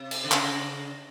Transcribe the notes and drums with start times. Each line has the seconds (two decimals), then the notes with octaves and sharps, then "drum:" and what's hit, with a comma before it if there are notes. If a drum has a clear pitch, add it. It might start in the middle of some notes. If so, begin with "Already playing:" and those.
Already playing: C3
0.11 drum: cymbal
0.24 D3
0.31 C#3, drum: clap